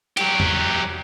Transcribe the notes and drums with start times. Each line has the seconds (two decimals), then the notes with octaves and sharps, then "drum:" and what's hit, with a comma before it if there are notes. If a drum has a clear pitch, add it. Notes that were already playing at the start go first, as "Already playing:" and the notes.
0.17 F#3 G4, drum: cymbal
0.40 drum: tom E2